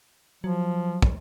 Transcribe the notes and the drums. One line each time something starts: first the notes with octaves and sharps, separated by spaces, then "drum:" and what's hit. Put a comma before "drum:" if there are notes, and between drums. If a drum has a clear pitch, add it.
F3 F#3
drum: kick